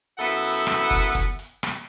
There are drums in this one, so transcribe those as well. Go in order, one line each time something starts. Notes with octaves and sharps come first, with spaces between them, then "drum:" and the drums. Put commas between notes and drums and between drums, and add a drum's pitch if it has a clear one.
F#2 B3 E4 A4 E5 F#5, drum: hi-hat
drum: open hi-hat
drum: rim click
drum: kick F#1, hi-hat
drum: kick F#1, hi-hat
drum: hi-hat
drum: rim click